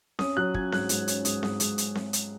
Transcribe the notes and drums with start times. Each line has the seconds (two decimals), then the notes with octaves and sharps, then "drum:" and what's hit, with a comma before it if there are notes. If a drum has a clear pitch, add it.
0.19 C#4 D#6, drum: snare C4
0.37 F#3 F#6
0.54 C#4 G#6, drum: kick
0.72 G#2 F#6, drum: snare C4
0.89 G#2, drum: hi-hat
1.08 C#4, drum: hi-hat
1.25 G#2 D#6, drum: hi-hat
1.43 G#2 D#6, drum: snare C4
1.60 G#2 D#6, drum: hi-hat
1.78 drum: hi-hat
1.95 drum: snare C4
2.13 drum: hi-hat